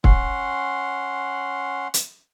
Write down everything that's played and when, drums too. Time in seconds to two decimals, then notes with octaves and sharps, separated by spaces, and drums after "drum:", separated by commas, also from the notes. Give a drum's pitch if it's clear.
0.04 C#4 F#5 C6, drum: kick
1.94 drum: hi-hat